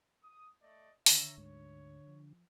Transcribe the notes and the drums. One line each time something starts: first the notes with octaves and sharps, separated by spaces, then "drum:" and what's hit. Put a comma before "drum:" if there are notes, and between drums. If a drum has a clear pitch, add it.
D#6
A3 D5 D#5
D3 D#3 C#5 E5 A#5, drum: open hi-hat
D2 G#2 G#3 C#5
F3